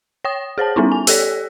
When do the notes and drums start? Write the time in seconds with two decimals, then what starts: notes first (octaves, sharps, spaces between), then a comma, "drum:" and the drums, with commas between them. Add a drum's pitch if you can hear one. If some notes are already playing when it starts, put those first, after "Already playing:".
0.25 C#5 G5 D#6
0.58 G#4 C5 C#5 A5
0.76 G3 B3 C#4 D#4 E4
0.92 G#5
1.07 G4 A4 C#5 D5, drum: open hi-hat